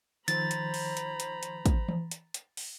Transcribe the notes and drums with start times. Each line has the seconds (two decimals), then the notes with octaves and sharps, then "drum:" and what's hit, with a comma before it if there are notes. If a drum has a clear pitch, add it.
0.28 D#3 F3 C5 A#5 B5 A6, drum: hi-hat
0.51 drum: hi-hat
0.74 drum: open hi-hat
0.97 drum: hi-hat
1.20 drum: hi-hat
1.43 drum: hi-hat
1.66 drum: kick, hi-hat
1.88 drum: tom E3
2.11 drum: hi-hat
2.34 drum: hi-hat
2.57 drum: open hi-hat